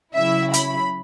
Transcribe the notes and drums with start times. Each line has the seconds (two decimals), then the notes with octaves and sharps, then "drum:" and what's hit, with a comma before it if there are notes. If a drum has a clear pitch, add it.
0.15 C#3 F#3 C#4 E4 E5
0.53 B5, drum: hi-hat